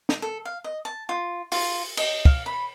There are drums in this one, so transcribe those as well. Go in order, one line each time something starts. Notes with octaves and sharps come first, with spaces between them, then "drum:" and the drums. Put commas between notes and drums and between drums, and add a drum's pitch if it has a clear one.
drum: snare
A4
F5
D#5
A5
F4
F4, drum: open hi-hat
D#5, drum: cymbal
F5, drum: kick
B5